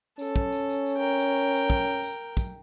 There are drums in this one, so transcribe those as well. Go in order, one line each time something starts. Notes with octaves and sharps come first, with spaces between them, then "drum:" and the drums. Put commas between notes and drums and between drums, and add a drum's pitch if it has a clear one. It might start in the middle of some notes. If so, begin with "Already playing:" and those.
C#4 A4, drum: tambourine
drum: kick
drum: tambourine
drum: tambourine
drum: tambourine
A#4 G5
drum: tambourine
drum: tambourine
drum: tambourine
drum: kick
drum: tambourine
drum: tambourine
drum: kick, tambourine